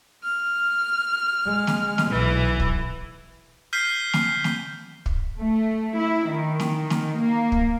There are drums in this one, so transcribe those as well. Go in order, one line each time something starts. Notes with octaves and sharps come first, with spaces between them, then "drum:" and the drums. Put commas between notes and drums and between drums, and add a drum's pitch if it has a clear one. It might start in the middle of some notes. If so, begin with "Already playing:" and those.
F6
G#3
drum: snare
drum: snare
B1 E3
drum: kick
F6 G6 B6 C7 D#7 G7
drum: snare
drum: snare
drum: kick
A3
E4
D#3
drum: snare
drum: snare
A#3
drum: kick